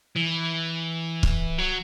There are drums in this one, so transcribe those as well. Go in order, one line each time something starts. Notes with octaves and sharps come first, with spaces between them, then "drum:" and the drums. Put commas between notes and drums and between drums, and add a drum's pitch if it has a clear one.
E3
drum: kick
F#3